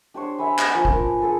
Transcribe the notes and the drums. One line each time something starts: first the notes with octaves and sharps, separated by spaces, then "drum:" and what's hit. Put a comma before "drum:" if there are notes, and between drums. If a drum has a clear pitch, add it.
D4 G4 C5 C#5
E5 G#5 B5
drum: clap
F3 G#5 A#5
A#4 B4, drum: kick
G#4 A4 A5